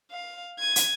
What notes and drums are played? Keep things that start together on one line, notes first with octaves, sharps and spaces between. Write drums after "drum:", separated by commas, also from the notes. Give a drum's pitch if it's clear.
F5
G#6 D#7
drum: hi-hat